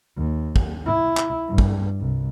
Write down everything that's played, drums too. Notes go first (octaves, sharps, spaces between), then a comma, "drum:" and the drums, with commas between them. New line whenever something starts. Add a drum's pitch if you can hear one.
D#2
drum: kick
E4
drum: clap
G2
drum: kick
C2